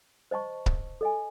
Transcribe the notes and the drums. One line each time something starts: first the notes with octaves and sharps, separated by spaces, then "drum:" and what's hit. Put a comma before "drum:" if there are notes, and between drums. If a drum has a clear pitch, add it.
C5 D#5 A5 C#6
drum: kick C#1
A4 D#5 G#5